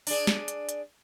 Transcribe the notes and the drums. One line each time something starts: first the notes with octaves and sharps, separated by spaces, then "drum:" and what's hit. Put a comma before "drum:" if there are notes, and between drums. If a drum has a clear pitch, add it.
D4 G#4, drum: open hi-hat
drum: snare
drum: hi-hat
drum: hi-hat